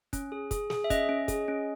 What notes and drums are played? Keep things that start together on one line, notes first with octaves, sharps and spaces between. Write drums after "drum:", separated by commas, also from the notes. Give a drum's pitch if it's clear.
C#4, drum: kick, hi-hat
G#4
G#4, drum: kick, hi-hat
G#4, drum: snare
E5
C#4 D#5, drum: kick, hi-hat
C#4
G#4, drum: kick, hi-hat
C#4